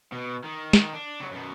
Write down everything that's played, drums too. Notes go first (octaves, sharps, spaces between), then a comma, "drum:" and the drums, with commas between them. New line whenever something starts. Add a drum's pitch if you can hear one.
B2
D#3
drum: snare
D4
C#3 F#3
F#2 B2